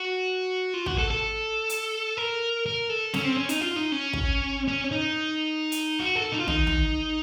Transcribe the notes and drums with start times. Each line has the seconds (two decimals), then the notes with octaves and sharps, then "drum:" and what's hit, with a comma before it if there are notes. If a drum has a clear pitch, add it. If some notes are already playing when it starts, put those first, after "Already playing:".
Already playing: F#4
0.74 F4
0.86 F#4, drum: kick
0.98 A4
1.10 A4
1.69 drum: hi-hat
2.17 A#4
2.66 A#4
2.90 A4
3.14 C#4, drum: snare
3.25 C4
3.36 C#4
3.49 D#4, drum: hi-hat
3.61 F4
3.76 D#4
3.92 C#4
4.13 drum: kick
4.68 C#4
4.92 D#4
5.72 drum: hi-hat
5.99 F#4
6.15 A4
6.32 D#4
6.39 F4
6.48 D#4, drum: tom
6.67 drum: tom